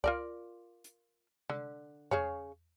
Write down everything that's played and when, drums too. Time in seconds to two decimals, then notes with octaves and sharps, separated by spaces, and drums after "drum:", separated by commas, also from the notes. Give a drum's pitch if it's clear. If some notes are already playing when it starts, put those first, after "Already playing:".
0.04 F4 A#4 D5, drum: kick C#2
0.84 drum: hi-hat
1.50 D3, drum: tom C3
2.11 C#3 G#4 C#5, drum: tom E2